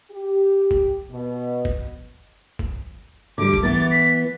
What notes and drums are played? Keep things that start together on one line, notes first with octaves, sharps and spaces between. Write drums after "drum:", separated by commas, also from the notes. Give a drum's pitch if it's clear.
G4
drum: kick
B2
drum: kick
drum: kick
D3 G3 D6
drum: kick
E3 B3 A6
B6